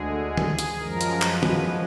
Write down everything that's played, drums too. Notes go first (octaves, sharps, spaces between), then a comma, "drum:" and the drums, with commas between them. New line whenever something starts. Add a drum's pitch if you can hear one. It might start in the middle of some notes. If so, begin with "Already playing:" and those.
Already playing: D2 D3 G#3 G#4
drum: tom D#3
drum: hi-hat
F#2 F3 G#3 A#4
drum: hi-hat
B4, drum: clap
drum: tom D#3